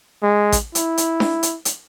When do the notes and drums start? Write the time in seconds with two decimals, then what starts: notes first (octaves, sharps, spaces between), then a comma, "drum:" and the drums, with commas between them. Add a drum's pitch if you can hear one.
0.23 G#3
0.52 drum: kick A1, hi-hat
0.75 E4, drum: hi-hat
0.98 drum: hi-hat
1.20 drum: snare D4
1.43 drum: hi-hat
1.65 drum: hi-hat